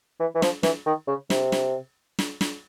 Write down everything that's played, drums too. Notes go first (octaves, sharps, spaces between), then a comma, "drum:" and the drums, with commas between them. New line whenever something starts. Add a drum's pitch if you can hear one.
E3
E3
F3, drum: snare
E3, drum: snare
D#3
C#3
C3, drum: snare
drum: snare
drum: snare
drum: snare